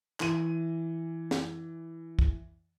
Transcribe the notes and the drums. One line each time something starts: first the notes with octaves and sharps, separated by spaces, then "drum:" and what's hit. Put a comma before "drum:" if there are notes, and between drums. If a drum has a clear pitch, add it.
E3 D#7, drum: clap
drum: snare
drum: kick